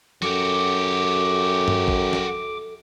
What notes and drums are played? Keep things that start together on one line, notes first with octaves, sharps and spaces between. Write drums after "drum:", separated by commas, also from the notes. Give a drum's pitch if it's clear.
F#2 F#4 G4 A4 D6, drum: snare
drum: tom G2
drum: kick
drum: snare